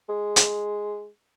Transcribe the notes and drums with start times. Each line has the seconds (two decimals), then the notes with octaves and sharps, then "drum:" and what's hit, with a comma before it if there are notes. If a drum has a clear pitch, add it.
0.09 G#3
0.36 drum: hi-hat